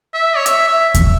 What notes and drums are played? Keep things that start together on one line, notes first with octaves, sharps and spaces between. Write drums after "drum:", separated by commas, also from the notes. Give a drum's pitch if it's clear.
E5
C#5
E5, drum: hi-hat
E5
drum: kick D#2, hi-hat